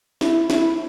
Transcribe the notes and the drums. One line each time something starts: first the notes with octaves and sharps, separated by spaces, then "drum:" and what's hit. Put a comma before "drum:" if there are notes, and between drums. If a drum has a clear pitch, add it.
E4, drum: snare
E4, drum: snare